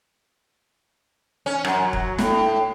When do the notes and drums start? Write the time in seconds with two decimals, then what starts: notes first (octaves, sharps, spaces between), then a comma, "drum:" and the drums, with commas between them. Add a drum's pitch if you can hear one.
1.46 C#4
1.65 F#2, drum: rim click
1.82 F#3
1.93 drum: kick
2.18 A2, drum: snare